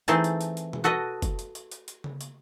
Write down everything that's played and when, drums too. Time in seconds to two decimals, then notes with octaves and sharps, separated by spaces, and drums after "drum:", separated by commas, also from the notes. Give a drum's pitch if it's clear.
0.08 E3 A3 C4 D#4 G#4 A5, drum: hi-hat
0.24 drum: hi-hat
0.41 drum: hi-hat
0.57 drum: hi-hat
0.73 drum: tom B2
0.84 F#4 A4 B4 D#5
1.22 drum: kick, hi-hat
1.39 drum: hi-hat
1.55 drum: hi-hat
1.71 drum: hi-hat
1.88 drum: hi-hat
2.04 drum: tom C#3
2.21 drum: hi-hat